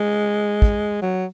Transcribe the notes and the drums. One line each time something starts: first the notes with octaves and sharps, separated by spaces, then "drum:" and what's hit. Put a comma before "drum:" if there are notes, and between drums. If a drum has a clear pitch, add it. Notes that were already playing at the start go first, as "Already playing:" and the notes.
Already playing: G#3
drum: kick
F#3